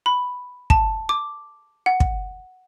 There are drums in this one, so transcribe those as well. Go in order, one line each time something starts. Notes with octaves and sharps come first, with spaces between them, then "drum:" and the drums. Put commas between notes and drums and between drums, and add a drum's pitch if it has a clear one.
B5
A5, drum: kick
D6
F#5
drum: kick